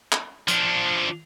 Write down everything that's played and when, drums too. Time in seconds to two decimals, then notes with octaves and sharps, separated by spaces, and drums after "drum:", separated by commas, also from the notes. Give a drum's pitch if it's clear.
0.12 drum: clap
0.48 F3 D4, drum: hi-hat